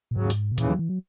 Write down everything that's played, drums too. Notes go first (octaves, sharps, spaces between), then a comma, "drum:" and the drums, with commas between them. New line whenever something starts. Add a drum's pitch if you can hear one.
A#2
D#2 G#2 C#3 F#3
drum: hi-hat
B2
D#2 A#2 C#3 E3, drum: hi-hat
F#3
E3
F#3